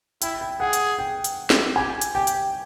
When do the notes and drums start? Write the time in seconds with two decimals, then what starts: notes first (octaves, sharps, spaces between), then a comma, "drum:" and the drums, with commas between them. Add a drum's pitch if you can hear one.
0.22 E4 G5, drum: hi-hat
0.41 G5
0.60 G#4 F#5
0.73 drum: hi-hat
0.99 G5
1.24 drum: hi-hat
1.50 drum: snare
1.76 G4 G#5
2.01 drum: hi-hat
2.14 G4 G5
2.27 drum: hi-hat